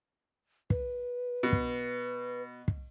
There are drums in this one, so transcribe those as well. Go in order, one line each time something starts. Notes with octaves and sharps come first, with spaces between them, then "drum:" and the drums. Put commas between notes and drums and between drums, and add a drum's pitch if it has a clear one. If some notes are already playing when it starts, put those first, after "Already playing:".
B4, drum: kick
B2
drum: kick
drum: kick